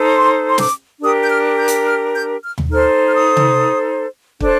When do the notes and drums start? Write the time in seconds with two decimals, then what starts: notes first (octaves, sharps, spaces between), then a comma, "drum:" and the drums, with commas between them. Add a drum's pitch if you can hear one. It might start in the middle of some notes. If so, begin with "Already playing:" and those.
Already playing: D#4 A4 C5
0.15 C6
0.48 C6
0.58 D6, drum: snare
1.01 D4 G4 A#4 D#6
1.21 G6
1.29 F6
1.58 G6
1.68 drum: hi-hat
1.86 F6
2.13 G6
2.42 F6
2.58 drum: tom D#2
2.70 D#4 A4 C5 F6
3.05 F6
3.13 D#6
3.37 drum: tom
4.40 D4 A4 C5, drum: kick